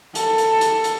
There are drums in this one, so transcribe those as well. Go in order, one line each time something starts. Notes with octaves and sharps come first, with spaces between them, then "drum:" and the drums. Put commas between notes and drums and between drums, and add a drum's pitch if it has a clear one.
A4, drum: hi-hat
drum: hi-hat
drum: hi-hat
drum: hi-hat